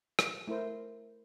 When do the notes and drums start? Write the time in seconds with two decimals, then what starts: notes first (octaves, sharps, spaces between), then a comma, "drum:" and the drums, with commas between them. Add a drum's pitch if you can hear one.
0.19 drum: rim click
0.47 A3 E4 A#4 C5